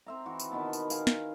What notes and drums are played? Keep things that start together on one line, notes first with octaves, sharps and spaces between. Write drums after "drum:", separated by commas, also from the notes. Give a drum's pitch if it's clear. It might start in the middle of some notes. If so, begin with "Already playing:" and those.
C4 E5 A#5
E3 F#4
drum: tambourine
B2 D#3 B3 A5
drum: tambourine
A#4 F5 G#5, drum: tambourine
drum: snare